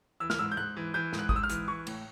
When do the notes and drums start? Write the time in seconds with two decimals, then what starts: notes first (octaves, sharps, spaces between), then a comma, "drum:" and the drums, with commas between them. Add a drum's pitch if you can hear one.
0.20 E3 E6
0.30 F6, drum: snare
0.39 G#2 E6
0.52 G6
0.57 G#2 F#6
0.77 E3
0.94 E3 G6
1.13 G#2, drum: snare
1.19 F#6
1.29 G#2 D#6, drum: kick G#1
1.36 E6
1.43 F6
1.49 E3, drum: hi-hat
1.68 E3 C#6
1.87 A2, drum: cymbal